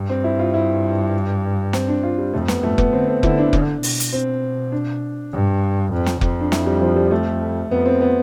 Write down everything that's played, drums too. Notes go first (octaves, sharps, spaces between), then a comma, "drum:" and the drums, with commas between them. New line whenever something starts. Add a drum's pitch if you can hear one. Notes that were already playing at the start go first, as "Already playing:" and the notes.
Already playing: G2
C4
E4
F4
E4
C4, drum: snare
D4
F4
G3
F2 A3
B3, drum: snare
G2 A3
B3, drum: kick F1
D3 C4
C4
D3 E4, drum: kick F1
D4
D3, drum: kick F1
B2, drum: open hi-hat
drum: hi-hat
C4
D4
G2
F2
drum: snare
F2, drum: kick F1
D4
E4, drum: snare
G3
F3
G3
A3
F2 B3
C4
B3